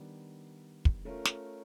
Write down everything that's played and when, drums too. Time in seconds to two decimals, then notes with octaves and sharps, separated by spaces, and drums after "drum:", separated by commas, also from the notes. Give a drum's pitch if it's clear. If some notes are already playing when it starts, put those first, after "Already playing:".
Already playing: D#3 G3 B3 D4
0.85 drum: kick
1.05 A3 C#4 F4 A#4
1.25 drum: snare